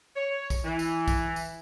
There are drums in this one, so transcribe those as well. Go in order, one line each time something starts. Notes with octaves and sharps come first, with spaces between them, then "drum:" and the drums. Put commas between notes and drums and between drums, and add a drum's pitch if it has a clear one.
C#5
drum: kick, tambourine
E3
drum: tambourine
drum: kick, tambourine
drum: tambourine